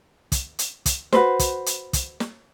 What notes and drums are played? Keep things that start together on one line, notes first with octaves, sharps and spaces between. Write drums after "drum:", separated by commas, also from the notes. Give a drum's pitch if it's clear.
drum: kick, hi-hat
drum: hi-hat
drum: kick, hi-hat
F#4 B4 C5, drum: snare
drum: kick, hi-hat
drum: hi-hat
drum: kick, hi-hat
drum: snare